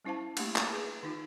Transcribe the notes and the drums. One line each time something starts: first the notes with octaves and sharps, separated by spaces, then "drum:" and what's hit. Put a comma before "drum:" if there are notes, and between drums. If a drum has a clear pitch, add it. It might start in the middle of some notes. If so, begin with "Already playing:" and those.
G3 C#4 E4 C5 F5 A5
A3 A#3 D4 E4 G4, drum: cymbal
drum: clap
G#4 B4
D#3 D#4 F4